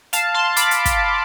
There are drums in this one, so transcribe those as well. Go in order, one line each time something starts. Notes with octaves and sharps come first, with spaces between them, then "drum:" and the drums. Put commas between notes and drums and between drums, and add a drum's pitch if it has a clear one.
F5 A5, drum: hi-hat
A5 C6
B5 D6, drum: hi-hat
drum: hi-hat
drum: kick, hi-hat